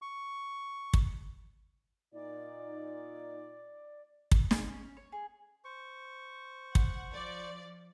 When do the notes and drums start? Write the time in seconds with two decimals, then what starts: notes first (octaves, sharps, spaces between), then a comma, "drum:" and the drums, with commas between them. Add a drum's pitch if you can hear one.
0.02 C#6
0.94 drum: kick
2.13 A#2 D#4 D5
4.31 drum: kick
4.51 G#4, drum: snare
4.69 C#4
4.97 C#5
5.12 G#4
5.65 C5 C#6
6.75 F#5, drum: kick
7.13 F3 D5